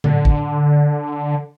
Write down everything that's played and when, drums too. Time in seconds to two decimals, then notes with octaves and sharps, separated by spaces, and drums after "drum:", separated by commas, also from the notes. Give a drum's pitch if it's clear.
0.04 D3, drum: tom A2
0.25 drum: kick